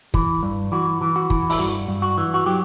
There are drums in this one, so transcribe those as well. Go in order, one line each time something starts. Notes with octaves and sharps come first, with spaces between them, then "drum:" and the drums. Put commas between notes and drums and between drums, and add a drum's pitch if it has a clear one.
E3, drum: kick
G2
E3 F#4
E3
F#4
E3, drum: kick
E4, drum: open hi-hat
G2 F#4
G2
F#4
E3
F#4
F#3 G4